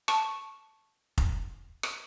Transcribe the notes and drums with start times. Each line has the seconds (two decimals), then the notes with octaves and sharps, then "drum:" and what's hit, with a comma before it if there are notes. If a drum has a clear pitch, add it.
0.08 A5 C#6, drum: rim click
1.18 drum: kick
1.83 drum: rim click